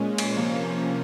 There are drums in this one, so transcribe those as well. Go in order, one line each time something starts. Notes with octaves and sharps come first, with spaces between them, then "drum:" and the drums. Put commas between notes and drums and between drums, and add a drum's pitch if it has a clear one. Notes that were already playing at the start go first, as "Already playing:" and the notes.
Already playing: A#2 G#3 C#4
drum: cymbal
C3 F3 A#3 C#4